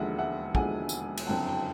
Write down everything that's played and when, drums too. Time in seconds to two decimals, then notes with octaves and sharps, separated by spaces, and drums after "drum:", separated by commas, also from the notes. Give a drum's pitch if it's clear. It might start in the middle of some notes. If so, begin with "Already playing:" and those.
Already playing: E1 D#2 D3 F3 G#3 E5 F#5
0.18 E5 F#5
0.55 E1 D#2 D3 F3 G#3 F#5 G#5, drum: kick
0.89 drum: tambourine
1.17 drum: cymbal
1.27 F#1 F2 D3 F#3 G5 A5
1.46 G5 A5